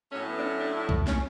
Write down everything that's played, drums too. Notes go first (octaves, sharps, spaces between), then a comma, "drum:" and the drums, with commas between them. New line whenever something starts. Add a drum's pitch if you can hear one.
A2 F#3 A3 C#4
B3
D4
C#4
D4
E4
drum: kick B1
C#4, drum: snare